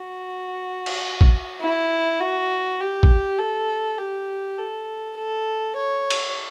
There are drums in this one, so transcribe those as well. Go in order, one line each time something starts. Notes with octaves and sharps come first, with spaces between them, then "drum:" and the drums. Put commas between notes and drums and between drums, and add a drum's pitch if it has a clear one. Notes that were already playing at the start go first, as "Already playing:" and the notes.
Already playing: F#4
drum: cymbal
drum: kick
E4
F#4
G4
drum: kick
A4
G4
A4
A4
C#5
drum: cymbal